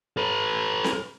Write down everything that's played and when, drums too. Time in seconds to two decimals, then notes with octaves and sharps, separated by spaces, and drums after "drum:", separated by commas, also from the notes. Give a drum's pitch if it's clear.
0.17 A4 B4
0.84 drum: snare C4